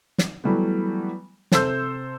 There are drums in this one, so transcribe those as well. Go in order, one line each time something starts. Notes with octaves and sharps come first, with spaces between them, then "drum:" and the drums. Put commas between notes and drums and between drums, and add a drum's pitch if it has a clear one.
drum: snare
E3 F#3 G3 A3 B3
C3 A4 C5 E6 G6, drum: snare